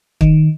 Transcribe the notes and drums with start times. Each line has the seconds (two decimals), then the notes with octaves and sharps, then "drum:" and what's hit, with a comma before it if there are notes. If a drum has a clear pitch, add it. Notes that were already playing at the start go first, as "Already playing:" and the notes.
0.21 D#3, drum: kick